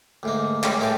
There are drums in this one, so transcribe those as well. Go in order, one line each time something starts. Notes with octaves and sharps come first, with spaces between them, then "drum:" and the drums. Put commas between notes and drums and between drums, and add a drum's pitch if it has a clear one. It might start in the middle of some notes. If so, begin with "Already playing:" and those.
D2 G#2 A#3
G3 G#3 C#4 A#4, drum: clap
A2 G#3 A#4 F5 G5 A5